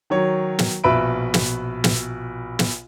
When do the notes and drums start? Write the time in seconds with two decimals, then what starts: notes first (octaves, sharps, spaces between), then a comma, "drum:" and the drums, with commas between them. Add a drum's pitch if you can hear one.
0.10 D#3 F#3 C#5
0.59 drum: snare
0.84 A#1 B2 B4 E5 B5 D7
1.34 drum: snare
1.84 drum: snare
2.59 drum: snare